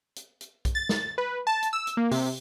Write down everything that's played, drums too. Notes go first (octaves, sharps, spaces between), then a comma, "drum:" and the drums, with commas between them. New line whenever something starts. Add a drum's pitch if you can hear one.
drum: hi-hat
drum: hi-hat
drum: kick B1, hi-hat
A6
drum: snare
B4
A5
drum: hi-hat
E6
drum: hi-hat
A#3
C3, drum: open hi-hat